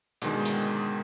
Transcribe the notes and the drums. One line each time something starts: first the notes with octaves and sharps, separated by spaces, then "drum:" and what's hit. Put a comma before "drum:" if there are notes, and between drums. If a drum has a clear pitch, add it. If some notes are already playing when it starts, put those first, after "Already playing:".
G#2 B2 D3 D#3 G#3, drum: hi-hat
drum: hi-hat